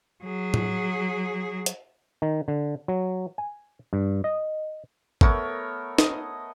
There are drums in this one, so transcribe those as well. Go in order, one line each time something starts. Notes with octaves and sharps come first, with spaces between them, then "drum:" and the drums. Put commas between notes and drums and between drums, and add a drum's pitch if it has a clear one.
F#3 G#4
drum: tom A2
drum: hi-hat
D#3
D3
F#3
G#5
G2
D#5
A3 B3 A#4 C#5, drum: kick
D#5, drum: snare